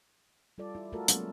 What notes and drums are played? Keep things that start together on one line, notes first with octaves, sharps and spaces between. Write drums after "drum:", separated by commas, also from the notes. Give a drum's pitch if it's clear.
G3 F4 A4 D5
E4
A3 F4 F#4 A4 A#4
F#3 G#3 A#3 B3 C#4, drum: hi-hat